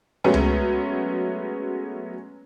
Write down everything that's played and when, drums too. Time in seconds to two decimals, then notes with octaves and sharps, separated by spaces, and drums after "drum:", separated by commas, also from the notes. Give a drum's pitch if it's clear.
0.24 F#3 G#3 A3 B3 C#4
0.34 drum: tom C#2